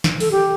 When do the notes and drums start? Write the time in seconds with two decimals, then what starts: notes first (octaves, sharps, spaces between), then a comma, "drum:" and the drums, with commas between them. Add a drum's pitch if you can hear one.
0.04 drum: snare
0.20 A4, drum: open hi-hat
0.31 G4